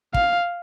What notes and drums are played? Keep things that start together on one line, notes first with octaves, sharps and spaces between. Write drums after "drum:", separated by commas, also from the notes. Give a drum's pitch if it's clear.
F5, drum: kick